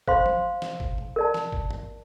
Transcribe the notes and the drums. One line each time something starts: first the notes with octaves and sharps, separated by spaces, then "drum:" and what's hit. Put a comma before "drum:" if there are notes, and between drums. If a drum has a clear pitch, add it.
C5 F5 C6, drum: kick
drum: tom
drum: snare
drum: kick
drum: tom
A#4 D5 A5
drum: snare
drum: kick
drum: tom G2